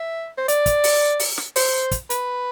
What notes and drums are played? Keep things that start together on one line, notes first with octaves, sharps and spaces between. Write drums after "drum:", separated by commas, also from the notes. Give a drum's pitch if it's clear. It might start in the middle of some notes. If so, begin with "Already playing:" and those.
Already playing: E5
C5
D5, drum: hi-hat
drum: kick, hi-hat
drum: open hi-hat
drum: open hi-hat
drum: snare
C5, drum: open hi-hat
drum: kick, hi-hat
B4, drum: hi-hat